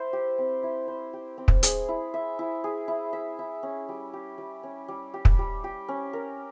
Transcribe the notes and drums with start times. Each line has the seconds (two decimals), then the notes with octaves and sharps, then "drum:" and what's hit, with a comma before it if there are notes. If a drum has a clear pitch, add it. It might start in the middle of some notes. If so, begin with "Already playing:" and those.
Already playing: E4 C5
0.13 G4
0.38 C4
0.63 E4
0.88 C5
1.13 G4
1.38 C4
1.48 drum: kick
1.63 G#4, drum: hi-hat
1.88 E4
2.14 E5
2.39 E4
2.64 G#4
2.88 E4
3.13 E5
3.39 E4
3.63 C#4
3.89 G3
4.13 G4
4.38 G3
4.63 C#4
4.88 G3
5.14 G4
5.25 drum: kick
5.39 G3
5.64 G4
5.88 C#4
6.13 A#4